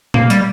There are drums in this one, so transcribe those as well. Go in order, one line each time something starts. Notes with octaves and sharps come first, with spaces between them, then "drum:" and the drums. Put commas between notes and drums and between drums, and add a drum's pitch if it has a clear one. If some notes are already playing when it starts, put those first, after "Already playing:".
A#3, drum: tom A#2
G3, drum: hi-hat